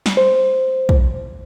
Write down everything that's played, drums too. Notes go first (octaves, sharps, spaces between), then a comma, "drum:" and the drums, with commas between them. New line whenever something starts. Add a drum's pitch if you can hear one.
drum: snare
C5
drum: kick